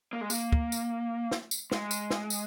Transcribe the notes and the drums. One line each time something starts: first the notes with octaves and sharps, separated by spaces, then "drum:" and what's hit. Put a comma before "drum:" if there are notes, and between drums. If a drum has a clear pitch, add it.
A#3
G#3
A#3, drum: tambourine
drum: kick
drum: tambourine
drum: snare
drum: tambourine
G#3, drum: snare
drum: tambourine
drum: snare
drum: tambourine